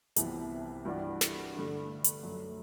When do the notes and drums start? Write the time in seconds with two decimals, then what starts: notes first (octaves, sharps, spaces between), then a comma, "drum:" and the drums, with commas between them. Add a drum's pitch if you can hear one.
0.16 C2 C3 E3 B3, drum: hi-hat
0.85 G2 E3 G3 D4 F#4
1.21 drum: snare
1.54 G2 D3 A3 D4
2.04 drum: hi-hat
2.23 F#2 F#3 A3